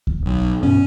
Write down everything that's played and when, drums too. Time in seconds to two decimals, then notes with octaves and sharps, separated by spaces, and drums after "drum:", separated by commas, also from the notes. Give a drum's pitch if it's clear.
0.07 drum: kick D2
0.26 B1
0.63 E2 G2 B2 C#4